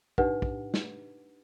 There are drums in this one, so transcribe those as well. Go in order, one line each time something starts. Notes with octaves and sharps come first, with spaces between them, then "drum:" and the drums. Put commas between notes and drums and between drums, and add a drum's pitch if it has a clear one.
D4 D#4 G4 B4 F#5, drum: kick
drum: kick
drum: snare